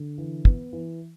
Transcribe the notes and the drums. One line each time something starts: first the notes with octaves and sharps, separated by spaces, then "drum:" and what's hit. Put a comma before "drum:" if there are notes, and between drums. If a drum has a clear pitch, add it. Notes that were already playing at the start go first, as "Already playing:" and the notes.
Already playing: D3
E3
B3, drum: kick
E3